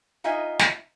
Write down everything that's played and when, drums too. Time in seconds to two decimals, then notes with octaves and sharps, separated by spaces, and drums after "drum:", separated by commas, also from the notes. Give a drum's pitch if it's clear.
0.24 D#4 F4 D#5 E5 G#5
0.59 drum: snare